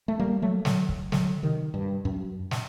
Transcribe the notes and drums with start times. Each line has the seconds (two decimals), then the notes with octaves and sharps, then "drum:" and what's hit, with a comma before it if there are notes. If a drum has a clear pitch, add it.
0.08 A3
0.19 G3 A#3
0.42 F#3 A3
0.65 D3 F#3, drum: snare
0.89 drum: kick
1.12 D3 F#3, drum: snare
1.43 C3 D#3
1.74 G2
2.05 F#2
2.51 drum: snare